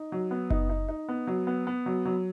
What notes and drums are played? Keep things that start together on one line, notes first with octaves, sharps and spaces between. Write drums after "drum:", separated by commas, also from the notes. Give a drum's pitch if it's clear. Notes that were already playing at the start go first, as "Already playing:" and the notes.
Already playing: D#4
F#3
B3
D#4, drum: kick F#1
D#4
D#4
B3
F#3
B3
B3
F#3
F#3